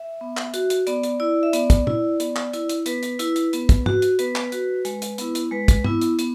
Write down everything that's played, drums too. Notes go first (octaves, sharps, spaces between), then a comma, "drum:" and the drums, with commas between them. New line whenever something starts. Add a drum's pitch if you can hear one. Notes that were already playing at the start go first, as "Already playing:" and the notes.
Already playing: E5
B3
drum: clap
F#4, drum: hi-hat
drum: hi-hat
B3 D5, drum: hi-hat
drum: hi-hat
E4 D5
E5
B3 D5, drum: hi-hat
drum: kick, hi-hat
E4, drum: tom
B3, drum: hi-hat
drum: clap
E4, drum: hi-hat
drum: hi-hat
B3 B4, drum: hi-hat
drum: hi-hat
E4, drum: hi-hat
drum: hi-hat
B3, drum: hi-hat
drum: kick, hi-hat
F#4, drum: tom
drum: hi-hat
B3 B4, drum: hi-hat
drum: clap
F#4, drum: hi-hat
G#3, drum: hi-hat
drum: hi-hat
B3 E4, drum: hi-hat
drum: hi-hat
G#3 B4
drum: kick, hi-hat
B3 E4, drum: tom
drum: hi-hat
B3, drum: hi-hat